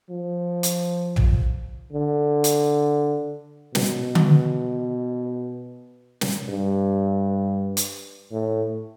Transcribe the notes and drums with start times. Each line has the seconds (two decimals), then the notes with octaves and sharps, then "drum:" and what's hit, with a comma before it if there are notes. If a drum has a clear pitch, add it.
0.10 F3
0.63 drum: hi-hat
1.16 drum: tom
1.93 D3
2.44 drum: hi-hat
3.75 B2, drum: snare
4.15 drum: tom D3
6.21 drum: snare
6.49 G2
7.77 drum: hi-hat
8.32 A2